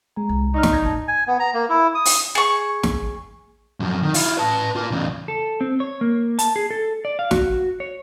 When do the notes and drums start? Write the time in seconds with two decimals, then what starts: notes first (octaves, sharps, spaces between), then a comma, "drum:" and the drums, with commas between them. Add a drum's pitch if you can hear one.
0.16 G#3 G#5 A#5
0.29 C2
0.54 D#4 D5 A#5 C#6 E6 F6
0.63 drum: snare
0.73 A#3 G6 G#6 A#6
0.85 G#1 C#2 F#2 A5
1.08 G#5
1.27 B3
1.40 A#5
1.54 A#3
1.70 E4
1.95 D#6
2.05 drum: open hi-hat
2.35 G#4 C#6
2.83 drum: snare
3.80 F#2 F3
4.02 D#3
4.14 E4 F4, drum: open hi-hat
4.38 B4 A5
4.76 F4 A#4
4.91 E2 C#3
5.28 A4
5.61 C4
5.80 C#5
6.01 A#3
6.39 A5, drum: hi-hat
6.56 G#4
6.70 A4
7.05 D5
7.19 F5
7.31 F#4, drum: snare
7.80 C#5